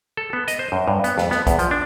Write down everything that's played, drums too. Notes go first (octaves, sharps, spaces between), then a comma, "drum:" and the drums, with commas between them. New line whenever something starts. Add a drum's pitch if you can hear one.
A4
B3
D#5, drum: hi-hat
C5
F#2
G2
B3, drum: hi-hat
F2, drum: snare
B3, drum: snare
E2, drum: kick, hi-hat
F3, drum: hi-hat
D4